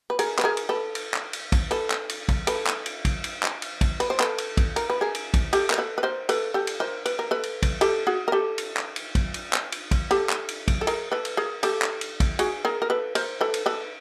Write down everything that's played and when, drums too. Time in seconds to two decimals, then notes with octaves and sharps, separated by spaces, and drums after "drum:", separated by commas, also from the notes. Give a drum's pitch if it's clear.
0.10 B4
0.19 G#4 A#4, drum: cymbal
0.39 B4, drum: clap
0.44 G#4 A#4
0.57 drum: cymbal
0.69 A4 B4
0.95 drum: cymbal
1.14 drum: clap
1.33 drum: cymbal
1.52 drum: kick, cymbal
1.71 A4 B4, drum: cymbal
1.90 drum: clap
2.09 drum: cymbal
2.29 drum: kick, cymbal
2.47 A4 B4, drum: cymbal
2.67 drum: clap
2.86 drum: cymbal
3.05 drum: kick, cymbal
3.24 drum: cymbal
3.43 drum: clap
3.62 drum: cymbal
3.81 drum: kick, cymbal
4.00 B4, drum: cymbal
4.10 C5
4.20 A4 B4, drum: clap
4.38 drum: cymbal
4.57 drum: kick, cymbal
4.76 A#4, drum: cymbal
4.90 B4
5.01 G#4 A#4
5.15 drum: cymbal
5.34 drum: kick, cymbal
5.53 G4 A4, drum: cymbal
5.70 A#4, drum: clap
5.78 A4 B4
5.98 B4
6.03 A#4 C5
6.29 A4 B4, drum: cymbal
6.54 G4 A4
6.67 drum: cymbal
6.80 A#4 C5
7.06 B4, drum: cymbal
7.19 A#4
7.31 A4 B4
7.43 drum: cymbal
7.63 drum: kick, cymbal
7.81 G4 A4, drum: cymbal
8.07 F#4 G#4
8.28 A#4
8.32 G4 A4
8.58 drum: cymbal
8.77 drum: clap
8.96 drum: cymbal
9.15 drum: kick, cymbal
9.34 drum: cymbal
9.53 drum: clap
9.72 drum: cymbal
9.91 drum: kick, cymbal
10.11 G4 A4, drum: cymbal
10.30 drum: clap
10.49 drum: cymbal
10.68 drum: kick, cymbal
10.81 A4
10.87 G#4 A#4, drum: cymbal
11.12 A4 B4
11.25 drum: cymbal
11.37 G#4 A#4
11.63 G4 A4, drum: cymbal
11.82 drum: clap
12.01 drum: cymbal
12.20 drum: kick, cymbal
12.39 F#4 G#4, drum: cymbal
12.65 G#4 A#4
12.82 A#4
12.90 A4 B4
13.15 A#4 C5, drum: cymbal
13.41 A4 B4
13.54 drum: cymbal
13.66 A4 B4